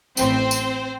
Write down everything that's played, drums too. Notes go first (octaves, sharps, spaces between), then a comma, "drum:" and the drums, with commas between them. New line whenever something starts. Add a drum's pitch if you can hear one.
A1 A2 E3 C4 C5, drum: tambourine
drum: tambourine